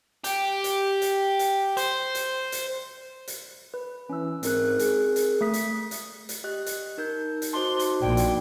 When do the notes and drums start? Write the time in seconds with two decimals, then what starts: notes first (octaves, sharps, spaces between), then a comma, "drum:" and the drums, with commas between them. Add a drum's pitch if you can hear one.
0.24 G4, drum: hi-hat
0.64 drum: hi-hat
1.02 drum: hi-hat
1.39 drum: hi-hat
1.77 C5, drum: hi-hat
2.15 drum: hi-hat
2.52 drum: hi-hat
3.28 drum: hi-hat
3.74 B4
4.09 E3 C#4 E6
4.43 G#2 C4 A#4 F#6, drum: hi-hat
4.79 G#4, drum: hi-hat
5.16 drum: hi-hat
5.41 A3 D#6 B6
5.53 drum: hi-hat
5.91 drum: hi-hat
6.29 drum: hi-hat
6.44 G4 D#5 F#6
6.66 drum: hi-hat
6.98 D#4 A#4 G6
7.42 drum: hi-hat
7.53 D#4 F#4 C5 D#5 A5 C6 D6
7.79 drum: hi-hat
8.02 A#1 D5 G5
8.17 drum: hi-hat